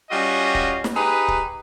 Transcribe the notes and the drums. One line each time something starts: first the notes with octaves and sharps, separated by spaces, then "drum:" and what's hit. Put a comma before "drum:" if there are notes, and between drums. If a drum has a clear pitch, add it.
G3 C#4 F4 F#4 D#5
drum: kick
drum: snare
D#4 G4 G#4 B4
drum: kick